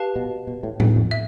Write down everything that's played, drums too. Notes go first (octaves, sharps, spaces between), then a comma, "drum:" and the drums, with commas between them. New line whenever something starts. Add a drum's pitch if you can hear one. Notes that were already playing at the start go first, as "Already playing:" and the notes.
Already playing: G4 B4 F5 A5
B2
B2
A2
G2, drum: tom A2
F2
E5